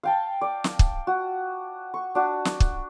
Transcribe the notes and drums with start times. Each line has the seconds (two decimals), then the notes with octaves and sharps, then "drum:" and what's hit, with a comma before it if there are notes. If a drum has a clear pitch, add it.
0.03 F5 G5 A5
0.41 D5
0.64 drum: snare
0.79 drum: kick
1.07 F#4
1.94 C#6
2.15 D4 F#4
2.45 drum: snare
2.60 drum: kick